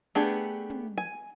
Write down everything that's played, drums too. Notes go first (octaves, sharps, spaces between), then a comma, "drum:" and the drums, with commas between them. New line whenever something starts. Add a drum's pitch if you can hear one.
A3 B3 D4 G4 G#4
drum: tom
G#5